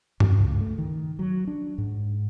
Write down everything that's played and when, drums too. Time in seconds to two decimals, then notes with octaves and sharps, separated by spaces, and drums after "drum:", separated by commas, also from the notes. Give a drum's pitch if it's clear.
0.20 F2, drum: tom
0.39 C#2
0.61 A3
0.78 D#3
1.19 F#3
1.47 D4
1.78 G#2